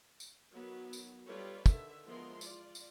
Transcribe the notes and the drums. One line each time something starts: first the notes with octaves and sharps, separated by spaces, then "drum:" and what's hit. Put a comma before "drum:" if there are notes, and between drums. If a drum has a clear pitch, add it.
drum: tambourine
D#3 F#3 B3
drum: tambourine
G3 F4 G4 A4 B4 C#5
D3 D#3 E5, drum: kick, tambourine
E3 F3 G#3 B3 A#4 C6
F4 D5, drum: tambourine
drum: tambourine